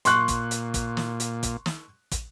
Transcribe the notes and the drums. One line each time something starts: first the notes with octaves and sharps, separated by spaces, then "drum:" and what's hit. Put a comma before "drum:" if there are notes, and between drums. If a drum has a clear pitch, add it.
A#2 C6 C#6 F#6, drum: hi-hat
drum: kick, hi-hat
drum: hi-hat
drum: kick, hi-hat
drum: snare
drum: hi-hat
drum: kick, hi-hat
drum: snare
drum: kick, hi-hat